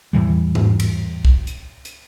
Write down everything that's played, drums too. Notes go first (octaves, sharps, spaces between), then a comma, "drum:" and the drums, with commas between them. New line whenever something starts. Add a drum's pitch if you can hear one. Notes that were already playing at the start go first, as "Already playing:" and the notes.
E2 A2 E3 G3
drum: tom G#2
drum: cymbal
drum: kick
drum: hi-hat
drum: hi-hat